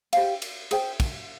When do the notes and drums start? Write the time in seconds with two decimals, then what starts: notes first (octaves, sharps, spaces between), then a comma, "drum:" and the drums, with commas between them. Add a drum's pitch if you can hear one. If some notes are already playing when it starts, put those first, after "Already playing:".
0.13 G4 C5 F5, drum: cymbal
0.42 drum: cymbal
0.71 G#4 C5 G5, drum: cymbal
1.00 drum: kick, cymbal